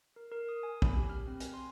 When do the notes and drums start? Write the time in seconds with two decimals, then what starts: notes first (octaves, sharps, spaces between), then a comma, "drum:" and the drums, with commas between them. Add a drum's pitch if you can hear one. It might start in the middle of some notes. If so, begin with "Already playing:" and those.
0.16 A#4
0.32 A#4
0.49 D#6
0.63 G#5
0.82 B5, drum: kick
0.96 G4
1.10 F6
1.27 C4
1.40 G#5, drum: hi-hat
1.54 C6